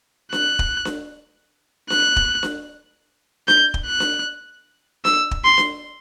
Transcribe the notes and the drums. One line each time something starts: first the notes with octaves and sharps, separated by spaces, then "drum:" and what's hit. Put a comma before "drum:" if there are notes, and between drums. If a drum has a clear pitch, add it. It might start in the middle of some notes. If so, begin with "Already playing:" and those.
F#6, drum: snare D4
drum: kick
drum: snare D4
F#6, drum: snare D4
drum: kick
drum: snare D4
G6, drum: snare D4
drum: kick
F#6
drum: snare D4
E6, drum: snare D4
drum: kick
C6
drum: snare D4